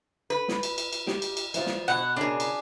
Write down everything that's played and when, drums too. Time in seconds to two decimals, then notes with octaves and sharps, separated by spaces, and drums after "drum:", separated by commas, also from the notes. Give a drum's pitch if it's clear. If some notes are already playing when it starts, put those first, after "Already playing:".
0.30 B4
0.48 drum: snare
0.63 drum: cymbal
0.78 drum: cymbal
0.93 drum: cymbal
1.07 G4, drum: snare
1.22 drum: cymbal
1.37 drum: cymbal
1.54 E3 F3 F4, drum: cymbal
1.66 drum: snare
1.88 B2 F#5
2.17 C#3 D4 G#4 A#4
2.40 drum: cymbal